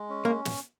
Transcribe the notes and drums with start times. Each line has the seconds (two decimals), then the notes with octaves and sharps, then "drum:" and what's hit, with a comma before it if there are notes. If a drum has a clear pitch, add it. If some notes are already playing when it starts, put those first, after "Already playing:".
Already playing: G#3
0.10 C#4
0.25 A#3
0.45 drum: snare